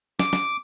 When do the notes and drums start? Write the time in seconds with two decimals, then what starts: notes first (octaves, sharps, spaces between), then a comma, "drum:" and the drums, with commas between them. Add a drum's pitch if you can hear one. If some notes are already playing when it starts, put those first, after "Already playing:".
0.19 D6, drum: snare
0.33 drum: snare